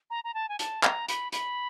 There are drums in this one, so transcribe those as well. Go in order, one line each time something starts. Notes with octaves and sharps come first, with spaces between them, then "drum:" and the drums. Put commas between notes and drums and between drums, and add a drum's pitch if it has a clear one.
A#5
A#5
A5
G#5
A5, drum: hi-hat
A#5, drum: clap
B5, drum: hi-hat
B5, drum: hi-hat